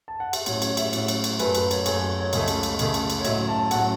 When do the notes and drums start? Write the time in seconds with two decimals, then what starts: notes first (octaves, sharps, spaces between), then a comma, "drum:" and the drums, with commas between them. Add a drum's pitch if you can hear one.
0.08 A5
0.20 F#5
0.33 E5, drum: cymbal
0.46 A2 F#3 C#4 C#5, drum: cymbal
0.62 C#5, drum: cymbal
0.77 E5, drum: cymbal
0.93 A2 F#3 C#4, drum: cymbal
1.08 drum: cymbal
1.24 drum: cymbal
1.39 F#2 F#3 A3 B4, drum: cymbal
1.55 B4, drum: cymbal
1.71 C#5, drum: cymbal
1.86 F#2 F#3 A3 C#5, drum: cymbal
1.97 C#5
2.20 C#5
2.33 C#2 C#3 A3, drum: cymbal
2.48 drum: cymbal
2.63 drum: cymbal
2.79 C#2 C#3 A3, drum: cymbal
2.94 drum: cymbal
3.10 drum: cymbal
3.21 C#5
3.25 A2 F#3 C#4 E5, drum: cymbal
3.48 A5
3.71 A2 F#3 C#4 F#5, drum: cymbal